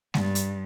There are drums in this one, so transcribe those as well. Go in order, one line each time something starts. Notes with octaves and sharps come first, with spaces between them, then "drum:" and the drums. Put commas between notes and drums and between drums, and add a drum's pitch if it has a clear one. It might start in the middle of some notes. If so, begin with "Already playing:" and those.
G2, drum: snare G#3
drum: hi-hat